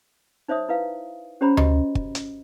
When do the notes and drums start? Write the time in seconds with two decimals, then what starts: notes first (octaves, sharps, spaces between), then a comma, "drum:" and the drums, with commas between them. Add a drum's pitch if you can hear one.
0.48 D#4 C5 C#5 E5 D#6
0.69 E4 B4 F5
1.41 C#4 G4 C5 C#5 A#5 B5
1.57 F#4 G4 D#5, drum: tom D2
1.95 drum: kick
2.15 drum: hi-hat